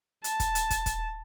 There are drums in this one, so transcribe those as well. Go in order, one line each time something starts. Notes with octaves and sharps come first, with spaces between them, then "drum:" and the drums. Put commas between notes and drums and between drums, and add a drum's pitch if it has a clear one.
A5, drum: hi-hat
drum: kick, hi-hat
drum: hi-hat
drum: kick, hi-hat
drum: kick, hi-hat